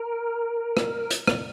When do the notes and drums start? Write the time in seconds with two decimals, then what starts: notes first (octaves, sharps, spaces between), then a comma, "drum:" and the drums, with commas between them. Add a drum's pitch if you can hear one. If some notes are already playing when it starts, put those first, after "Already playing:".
Already playing: A#4
0.77 drum: rim click
1.11 drum: hi-hat
1.27 drum: rim click